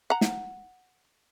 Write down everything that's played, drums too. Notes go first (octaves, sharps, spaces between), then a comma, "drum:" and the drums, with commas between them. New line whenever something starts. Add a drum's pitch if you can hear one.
F#5 A#5
drum: snare